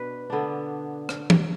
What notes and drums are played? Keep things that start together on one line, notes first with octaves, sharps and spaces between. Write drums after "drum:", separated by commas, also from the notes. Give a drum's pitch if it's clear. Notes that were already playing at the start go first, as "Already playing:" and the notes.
Already playing: B2 D4 B4
D3 B3 D4
drum: rim click
drum: tom E3